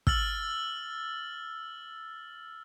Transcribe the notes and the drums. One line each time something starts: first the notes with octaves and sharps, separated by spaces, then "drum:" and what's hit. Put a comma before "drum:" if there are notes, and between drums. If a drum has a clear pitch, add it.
E6 F6 A6 F#7, drum: kick